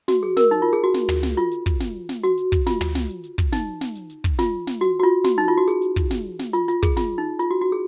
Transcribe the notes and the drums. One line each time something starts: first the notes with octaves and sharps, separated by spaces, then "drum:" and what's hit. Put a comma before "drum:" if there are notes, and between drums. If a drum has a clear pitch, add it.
F#4, drum: snare
G#4
A#4, drum: snare
D#4, drum: hi-hat
F4
G#4
F#4
drum: snare
drum: tom
drum: snare
F4, drum: hi-hat
drum: hi-hat
drum: kick, hi-hat
drum: snare
drum: snare
F#4, drum: hi-hat
drum: hi-hat
drum: kick, hi-hat
F4, drum: snare
drum: tom
drum: snare
drum: hi-hat
drum: hi-hat
drum: kick, hi-hat
D#4, drum: snare
drum: snare
drum: hi-hat
drum: hi-hat
drum: kick, hi-hat
F4, drum: snare
drum: snare
F#4, drum: hi-hat
F#4
F4
F#4, drum: snare
D#4
F4
F#4
G#4, drum: hi-hat
drum: hi-hat
drum: kick, hi-hat
drum: snare
drum: snare
F4, drum: hi-hat
F4, drum: hi-hat
G#4, drum: kick, hi-hat
F4, drum: snare
D#4
F4, drum: hi-hat
F#4
F#4
G#4